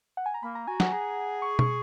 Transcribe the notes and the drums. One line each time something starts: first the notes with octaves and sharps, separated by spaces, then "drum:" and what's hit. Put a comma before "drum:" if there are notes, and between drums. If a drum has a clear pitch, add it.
F#5
G#5
A#5
A#3 B5
A#5
F#4 G#5
F#5, drum: snare
G#4 A#5
C#6
C#6, drum: tom